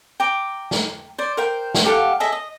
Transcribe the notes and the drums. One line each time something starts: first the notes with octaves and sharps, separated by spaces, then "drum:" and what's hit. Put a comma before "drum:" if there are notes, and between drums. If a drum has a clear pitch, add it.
G5 A#5 D6
drum: snare
C5 D5
A#4 C5 G5
drum: snare
G4 A4 F5 F#5
G#4 A4 D#5 E5
D#5